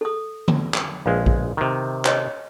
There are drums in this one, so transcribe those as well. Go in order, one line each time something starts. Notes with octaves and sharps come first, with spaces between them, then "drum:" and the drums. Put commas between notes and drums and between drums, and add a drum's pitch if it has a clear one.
A4 D#6
drum: tom D3
drum: clap
A#1 G#3 B4 F5
drum: kick A#1
C3 D#3
C5 C#5 D#5, drum: clap